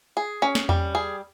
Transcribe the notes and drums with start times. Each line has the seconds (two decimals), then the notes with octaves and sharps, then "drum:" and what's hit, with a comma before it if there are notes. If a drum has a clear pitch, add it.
0.17 G#4
0.42 C#4
0.55 drum: snare
0.69 G3, drum: tom E2
0.95 G#4